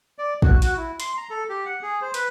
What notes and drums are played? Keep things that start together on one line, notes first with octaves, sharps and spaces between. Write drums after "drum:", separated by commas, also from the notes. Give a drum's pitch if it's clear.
D5
F#4, drum: kick
F#4, drum: hi-hat
E4
C6, drum: hi-hat
A#5
A4
G4
F#5
G#4
C5
B4, drum: hi-hat